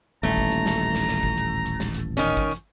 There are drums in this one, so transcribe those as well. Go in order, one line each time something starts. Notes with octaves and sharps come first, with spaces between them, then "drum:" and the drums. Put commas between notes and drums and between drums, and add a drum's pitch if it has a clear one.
D#1 A1 A3 A#5
drum: kick
drum: hi-hat
drum: snare
drum: snare
drum: snare
drum: kick
drum: hi-hat
drum: hi-hat
drum: snare
drum: hi-hat
D#3 C#4
drum: kick
drum: hi-hat